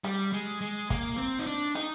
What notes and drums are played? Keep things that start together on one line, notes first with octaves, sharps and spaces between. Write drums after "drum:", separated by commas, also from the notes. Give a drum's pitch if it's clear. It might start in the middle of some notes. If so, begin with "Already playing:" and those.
G3, drum: hi-hat
G#3
G#3
A#3, drum: kick, hi-hat
C4
D#4
D4
D#4, drum: hi-hat